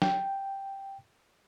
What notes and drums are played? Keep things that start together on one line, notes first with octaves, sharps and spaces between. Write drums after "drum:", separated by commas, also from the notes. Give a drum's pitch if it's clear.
G5, drum: snare